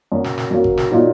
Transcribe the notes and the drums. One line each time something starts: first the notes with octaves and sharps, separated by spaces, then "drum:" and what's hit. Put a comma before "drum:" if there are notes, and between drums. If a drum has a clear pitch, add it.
F#2 F#3 A#3
drum: snare
drum: snare
F#2 F#3 A#3
drum: kick G#1
drum: snare
A#2 F#3 D#4